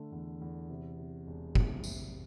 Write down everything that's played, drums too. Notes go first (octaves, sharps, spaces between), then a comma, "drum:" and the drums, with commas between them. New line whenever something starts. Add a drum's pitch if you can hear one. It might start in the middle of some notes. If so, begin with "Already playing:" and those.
Already playing: D3 A3
E2
E2
C3
C3
E1
C3, drum: kick
C3, drum: tambourine